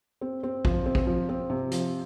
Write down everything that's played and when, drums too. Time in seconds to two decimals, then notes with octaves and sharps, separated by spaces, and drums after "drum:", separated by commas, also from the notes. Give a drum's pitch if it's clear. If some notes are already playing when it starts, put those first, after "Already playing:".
0.21 C4
0.43 C4
0.65 F3, drum: kick
0.86 C4
0.95 drum: kick
1.07 F3
1.29 C4
1.50 C3
1.71 F3, drum: hi-hat